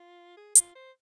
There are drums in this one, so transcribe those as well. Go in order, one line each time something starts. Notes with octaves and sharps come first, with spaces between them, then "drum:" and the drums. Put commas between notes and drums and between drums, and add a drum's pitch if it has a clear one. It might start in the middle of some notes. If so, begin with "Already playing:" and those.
Already playing: F4
G#4
F4, drum: hi-hat
C5